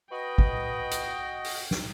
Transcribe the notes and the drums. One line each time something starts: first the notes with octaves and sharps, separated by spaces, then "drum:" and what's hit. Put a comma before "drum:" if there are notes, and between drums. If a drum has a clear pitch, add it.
F#4 B4 D#5 G5
drum: kick
drum: hi-hat
drum: open hi-hat
drum: snare